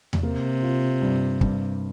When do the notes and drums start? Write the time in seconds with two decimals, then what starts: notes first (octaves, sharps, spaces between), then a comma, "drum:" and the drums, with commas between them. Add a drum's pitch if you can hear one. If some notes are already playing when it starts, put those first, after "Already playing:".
0.13 drum: tom E2
0.23 C3 A#3
0.63 F4
1.02 G2
1.41 G2, drum: kick